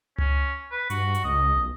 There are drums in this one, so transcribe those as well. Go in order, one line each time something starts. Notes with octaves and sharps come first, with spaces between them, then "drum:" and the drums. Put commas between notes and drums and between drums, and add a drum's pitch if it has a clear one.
C#4, drum: tom C#2
B4
G2 F#4, drum: hi-hat
drum: hi-hat
C#2 D#5
B1